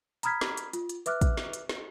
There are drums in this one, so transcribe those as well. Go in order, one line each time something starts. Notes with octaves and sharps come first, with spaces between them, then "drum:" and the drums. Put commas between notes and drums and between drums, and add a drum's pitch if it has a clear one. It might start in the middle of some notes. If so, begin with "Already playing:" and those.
A#5 B5 D#6 F6 G#6 B6, drum: hi-hat
drum: snare
drum: hi-hat
F4, drum: hi-hat
drum: hi-hat
B4 E5 D6 F6 F#6, drum: hi-hat
drum: kick, hi-hat
drum: snare
drum: hi-hat
drum: snare